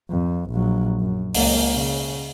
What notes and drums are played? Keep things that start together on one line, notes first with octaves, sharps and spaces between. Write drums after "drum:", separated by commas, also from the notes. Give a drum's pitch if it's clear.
F2
A#1 F#3
F#2
C#2 A#3, drum: open hi-hat
C#3